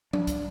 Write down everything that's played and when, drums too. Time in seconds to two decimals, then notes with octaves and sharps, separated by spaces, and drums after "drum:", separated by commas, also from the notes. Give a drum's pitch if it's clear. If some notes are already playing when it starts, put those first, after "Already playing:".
0.13 D4, drum: tom F3
0.27 drum: kick, hi-hat